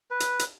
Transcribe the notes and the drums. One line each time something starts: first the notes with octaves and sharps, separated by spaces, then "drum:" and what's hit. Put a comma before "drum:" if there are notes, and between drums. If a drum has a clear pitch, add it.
B4
drum: hi-hat
drum: hi-hat